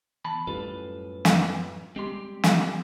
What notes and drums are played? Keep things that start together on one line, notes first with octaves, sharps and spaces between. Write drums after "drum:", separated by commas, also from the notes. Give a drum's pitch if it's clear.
E2 A5 B5
F#2 A2 G3 F4 A4 B4
drum: snare
G3 G#3 C4 G4 C6
drum: snare